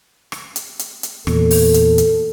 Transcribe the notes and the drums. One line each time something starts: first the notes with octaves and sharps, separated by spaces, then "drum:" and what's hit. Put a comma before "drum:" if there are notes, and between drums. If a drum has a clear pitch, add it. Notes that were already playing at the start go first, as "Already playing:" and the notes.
drum: rim click
drum: hi-hat
drum: hi-hat
drum: hi-hat
E2 A#2 A4, drum: rim click
drum: open hi-hat
drum: hi-hat
drum: hi-hat